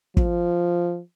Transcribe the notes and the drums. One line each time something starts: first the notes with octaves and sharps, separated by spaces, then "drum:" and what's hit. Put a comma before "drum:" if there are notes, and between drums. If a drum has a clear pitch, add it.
F3, drum: kick